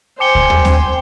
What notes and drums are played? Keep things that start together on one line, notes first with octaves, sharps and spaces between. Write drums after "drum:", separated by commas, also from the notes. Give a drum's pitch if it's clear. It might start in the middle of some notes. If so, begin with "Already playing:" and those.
C5 G5 G#5 D6 C#7 G7
drum: kick C#2
drum: tom D#2
drum: snare C4